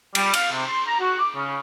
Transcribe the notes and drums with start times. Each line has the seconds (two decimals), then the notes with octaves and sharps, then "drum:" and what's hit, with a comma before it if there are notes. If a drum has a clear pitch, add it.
0.15 G3, drum: cymbal
0.34 F5, drum: cymbal
0.50 C3
0.66 C6
0.87 A#5
1.00 F#4
1.19 D6
1.35 C#3